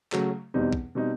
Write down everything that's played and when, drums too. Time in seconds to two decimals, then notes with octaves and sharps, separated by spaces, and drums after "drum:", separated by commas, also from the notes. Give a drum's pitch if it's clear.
0.12 C#3 F#3 A3, drum: clap
0.54 E2 B2 G3 C4 D#4
0.73 drum: kick
0.95 B2 G3 C4 D#4